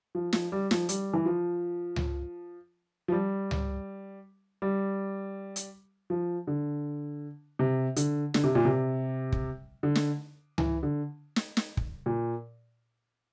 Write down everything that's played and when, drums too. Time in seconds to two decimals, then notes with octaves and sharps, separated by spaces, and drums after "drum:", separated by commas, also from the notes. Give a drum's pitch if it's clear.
0.15 F3
0.33 F3, drum: snare
0.52 G3
0.71 F3, drum: snare
0.89 G3, drum: hi-hat
1.13 E3
1.25 F3
1.96 drum: tom C#2
3.08 F3
3.12 G3
3.51 drum: tom C#2
4.62 G3
5.56 drum: hi-hat
6.10 F3
6.47 D3
7.59 C3
7.96 D3, drum: hi-hat
8.34 D3, drum: snare
8.44 C3
8.55 A#2
8.65 C3
9.32 drum: kick
9.83 D3
9.95 drum: snare
10.58 E3, drum: tom C#2
10.83 D3
11.36 drum: snare
11.57 drum: snare
11.77 drum: kick
12.06 A#2